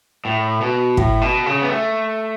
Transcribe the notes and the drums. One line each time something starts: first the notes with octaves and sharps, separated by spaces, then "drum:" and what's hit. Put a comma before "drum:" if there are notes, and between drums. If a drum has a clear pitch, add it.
A2
B2
A2, drum: kick
B2
C#3
B3
A3